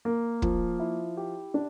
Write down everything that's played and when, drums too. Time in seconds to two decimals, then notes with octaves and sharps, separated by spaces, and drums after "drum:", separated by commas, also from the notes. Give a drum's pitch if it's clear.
0.05 A#3
0.42 F3, drum: kick
0.80 E4
1.17 G4
1.54 D4